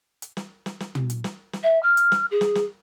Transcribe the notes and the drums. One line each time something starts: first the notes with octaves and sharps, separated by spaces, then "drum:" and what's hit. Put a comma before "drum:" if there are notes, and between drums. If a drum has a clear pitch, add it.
drum: hi-hat
drum: snare
drum: snare
drum: snare
drum: tom
drum: hi-hat
drum: snare
drum: snare
E5
F6
drum: hi-hat
drum: snare
G#4
drum: snare
drum: snare